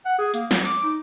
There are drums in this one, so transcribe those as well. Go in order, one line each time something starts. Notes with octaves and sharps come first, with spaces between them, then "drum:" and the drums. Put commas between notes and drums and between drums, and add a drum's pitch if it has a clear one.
F#5
G#4
A#3, drum: hi-hat
F#3, drum: snare
D6, drum: hi-hat
D#4